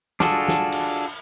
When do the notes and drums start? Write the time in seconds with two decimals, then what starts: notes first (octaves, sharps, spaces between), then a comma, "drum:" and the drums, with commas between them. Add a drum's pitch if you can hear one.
0.20 D4 F4 F#4 G#4 A4, drum: snare
0.48 drum: snare
0.72 drum: cymbal